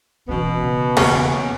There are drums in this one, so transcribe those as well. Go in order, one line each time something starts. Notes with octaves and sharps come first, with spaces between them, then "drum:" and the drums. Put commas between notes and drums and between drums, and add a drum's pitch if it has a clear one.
B2 E3 B3 C#4
C#3
E2 D#3 A#3 C#4, drum: cymbal